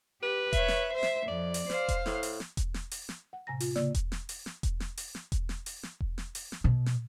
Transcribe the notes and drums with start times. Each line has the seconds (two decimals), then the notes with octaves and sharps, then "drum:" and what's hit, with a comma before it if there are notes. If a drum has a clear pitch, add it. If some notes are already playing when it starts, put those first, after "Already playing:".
0.23 G4 B4
0.53 C#5 E5, drum: kick E1, hi-hat
0.68 drum: snare
0.93 C5 E5
1.03 drum: snare
1.28 F2 D5
1.54 drum: open hi-hat
1.70 C5 F5, drum: snare
1.88 drum: kick E1, hi-hat
2.06 A2, drum: snare
2.23 drum: open hi-hat
2.40 drum: snare
2.57 drum: kick E1, hi-hat
2.74 drum: snare
2.91 drum: open hi-hat
3.09 drum: snare
3.33 F#5
3.47 A2 C3 G#5 A#5 A#6
3.60 F4, drum: open hi-hat
3.76 C#3 A#3 D5 E6, drum: snare
3.94 drum: kick E1, hi-hat
4.12 drum: snare
4.29 drum: open hi-hat
4.46 drum: snare
4.63 drum: kick E1, hi-hat
4.80 drum: snare
4.97 drum: open hi-hat
5.15 drum: snare
5.32 drum: kick E1, hi-hat
5.49 drum: snare
5.66 drum: open hi-hat
5.83 drum: snare
6.00 drum: kick E1
6.18 drum: snare
6.35 drum: open hi-hat
6.52 drum: snare
6.64 B2
6.86 drum: snare